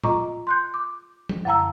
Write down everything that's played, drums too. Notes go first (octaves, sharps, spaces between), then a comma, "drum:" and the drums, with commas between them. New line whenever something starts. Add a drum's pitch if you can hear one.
F4 D#5 A#5 C#6 D6, drum: tom A2
C6 F#6 G6
D6
drum: tom F3
F#2 D3 F5 A5 A#5 E6